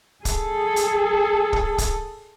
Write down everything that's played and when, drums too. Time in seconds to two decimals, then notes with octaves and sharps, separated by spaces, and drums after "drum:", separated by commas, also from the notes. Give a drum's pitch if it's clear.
0.25 G#4 A4, drum: kick, hi-hat
0.76 drum: hi-hat
1.53 drum: kick
1.78 drum: kick, hi-hat